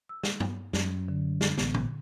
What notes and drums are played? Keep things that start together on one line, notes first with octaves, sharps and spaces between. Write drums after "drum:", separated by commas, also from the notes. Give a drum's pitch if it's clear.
E6
drum: snare
drum: tom G2
F#2, drum: snare
D3
drum: snare
A1 B3, drum: snare
drum: tom A#2